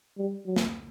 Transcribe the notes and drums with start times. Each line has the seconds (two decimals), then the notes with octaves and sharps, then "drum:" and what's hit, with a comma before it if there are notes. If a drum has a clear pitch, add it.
0.18 G3
0.46 F#3
0.56 drum: snare